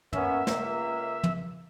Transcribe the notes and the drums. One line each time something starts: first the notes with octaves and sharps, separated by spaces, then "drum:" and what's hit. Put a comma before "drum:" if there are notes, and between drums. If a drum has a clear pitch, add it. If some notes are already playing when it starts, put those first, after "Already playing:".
A#3 B3 C#4 E5, drum: tom
C#2 A#3, drum: snare
drum: tom